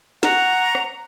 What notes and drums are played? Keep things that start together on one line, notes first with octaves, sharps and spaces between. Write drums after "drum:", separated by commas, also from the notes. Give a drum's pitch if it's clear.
F#5 A#5 C#6, drum: snare
drum: rim click